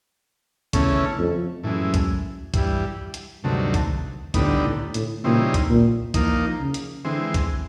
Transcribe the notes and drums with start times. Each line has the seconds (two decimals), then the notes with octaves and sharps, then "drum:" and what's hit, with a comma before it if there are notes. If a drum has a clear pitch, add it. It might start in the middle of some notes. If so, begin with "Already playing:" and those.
0.73 E2 C#3 E3 A3 C#4, drum: kick, hi-hat
1.18 F2
1.63 F#2 A2 E3 G#3
1.94 drum: kick, hi-hat
2.54 G2 E3 G3, drum: kick, hi-hat
3.14 drum: hi-hat
3.44 D2 G2 C3 D#3 F#3 A3
3.74 drum: kick, hi-hat
4.34 D2 A2 D3 G3 B3 D#4, drum: kick, hi-hat
4.64 A2
4.94 A2, drum: hi-hat
5.24 A#2 C#3 E3 G3 C4 D#4
5.54 drum: kick, hi-hat
5.70 A#2
6.14 E3 F3 A#3 D#4, drum: kick, hi-hat
6.59 C#3
6.74 drum: hi-hat
7.04 D3 E3 G#3 C4
7.34 drum: kick, hi-hat